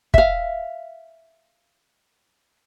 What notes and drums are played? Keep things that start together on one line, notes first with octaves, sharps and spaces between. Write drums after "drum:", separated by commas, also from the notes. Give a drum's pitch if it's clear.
E5 F5, drum: kick